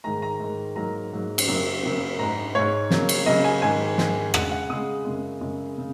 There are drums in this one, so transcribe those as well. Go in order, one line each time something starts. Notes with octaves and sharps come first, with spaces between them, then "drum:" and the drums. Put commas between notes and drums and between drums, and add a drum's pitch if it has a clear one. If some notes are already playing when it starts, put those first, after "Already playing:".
G#2 D#3 G#3 A#5
A#5
G#2 D#3 G#3
G#2 F#3 A#3 A#5
G#2 F#3 A#3
drum: cymbal
F#2 C#3 F#3 A#3
F#2 C#3 F#3 A#3
G#2 G#3 A#5
G#2 G#3 C#5
C#3 F#3 A#3, drum: snare
drum: cymbal
C#3 F#3 A#3 D#5
G#5
G#2 D#3 G#3 G#5
G#2 D#3 G#3, drum: snare
C#3 G#3 F#5, drum: rim click
F#5
C#3 G#3 D#6
F#2 C#3 G#3
F#2 C#3 G#3
C#3